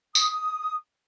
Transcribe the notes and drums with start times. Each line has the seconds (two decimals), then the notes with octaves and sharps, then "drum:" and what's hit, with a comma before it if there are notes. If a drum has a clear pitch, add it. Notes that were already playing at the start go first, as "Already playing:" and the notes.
0.15 D#6, drum: tambourine